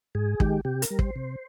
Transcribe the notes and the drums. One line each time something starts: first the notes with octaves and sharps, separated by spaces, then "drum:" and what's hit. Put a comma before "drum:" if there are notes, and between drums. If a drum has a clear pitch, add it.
G#2 G#4
D#3 G#3 G4, drum: kick
C3 G4
A#4, drum: hi-hat
G3
C5, drum: kick
C3